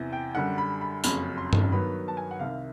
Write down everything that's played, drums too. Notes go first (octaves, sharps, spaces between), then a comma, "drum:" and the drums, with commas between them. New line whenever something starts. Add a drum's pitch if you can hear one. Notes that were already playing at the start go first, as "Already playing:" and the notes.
Already playing: E2 C3 E3
G5
F#2 D3 G3 F#5
B5
B5
F#1 F2 C#3 F#3 B5, drum: tambourine
C6
drum: tom G2
G2 D#3 F#3 B3 B5
A5
G#5
F#5
C2 C3 D#3 F5